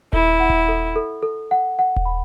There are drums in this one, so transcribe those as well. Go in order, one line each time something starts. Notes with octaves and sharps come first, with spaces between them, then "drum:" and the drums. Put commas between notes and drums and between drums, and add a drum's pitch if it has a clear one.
E4 A4, drum: kick D#1
F#5
drum: kick D#1
A4
A4
A4
F#5
F#5
drum: kick D#1
B5